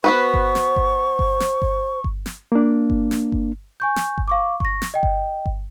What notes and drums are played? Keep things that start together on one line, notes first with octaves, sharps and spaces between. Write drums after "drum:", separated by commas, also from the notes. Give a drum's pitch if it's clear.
B3 F#4 B4 C5 C#6
drum: kick G1
drum: snare
drum: kick G1
drum: kick G1
drum: snare
drum: kick G1
drum: kick G1
drum: snare
A#3 D4
drum: kick G1
drum: snare
drum: kick G1
G#5 C#6 G6
drum: snare
drum: kick G1
F5 C#6 D6
C#6 A#6, drum: kick G1
drum: snare
D#5 G5
drum: kick G1
drum: kick G1